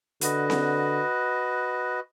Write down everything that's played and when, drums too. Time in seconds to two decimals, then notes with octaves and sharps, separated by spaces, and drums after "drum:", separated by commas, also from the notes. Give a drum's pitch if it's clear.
0.21 D3 F#4 B4 D#5, drum: hi-hat
0.50 drum: snare C4